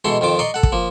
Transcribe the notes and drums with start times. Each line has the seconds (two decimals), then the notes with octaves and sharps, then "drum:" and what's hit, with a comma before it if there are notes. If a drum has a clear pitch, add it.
0.05 B2 E3 G#3 A4 C6 C#6
0.21 F2 D#3 F3 F4 D6
0.39 D5 D#5 A#5 C6 C#6
0.54 A4 F#5
0.63 drum: kick
0.72 F3 A#3